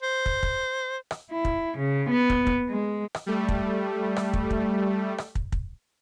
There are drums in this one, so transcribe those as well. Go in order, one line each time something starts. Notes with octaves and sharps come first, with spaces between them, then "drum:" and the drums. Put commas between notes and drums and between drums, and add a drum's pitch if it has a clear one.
C5
drum: kick
drum: kick
drum: rim click
E4
drum: kick
C#3
B3
drum: kick
drum: kick
G#3
drum: rim click
G3 A3
drum: kick
drum: rim click
drum: kick
drum: kick
drum: rim click
drum: kick
drum: kick